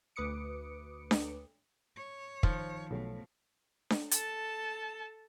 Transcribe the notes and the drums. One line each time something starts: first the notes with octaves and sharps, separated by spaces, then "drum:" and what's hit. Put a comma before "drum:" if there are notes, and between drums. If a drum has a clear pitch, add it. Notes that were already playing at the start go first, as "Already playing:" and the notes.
D2 B4 D6 D#6 C#7 D7
drum: snare D4
C#5
D#3 F3 C5 C#7, drum: kick
B1 B2 A3 A4 C#5
drum: snare D4
A4 A5, drum: hi-hat